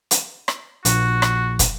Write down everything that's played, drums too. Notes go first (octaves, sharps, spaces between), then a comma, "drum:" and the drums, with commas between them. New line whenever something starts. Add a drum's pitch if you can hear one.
drum: hi-hat
drum: rim click
A#1 F#4, drum: hi-hat
drum: rim click
drum: kick, hi-hat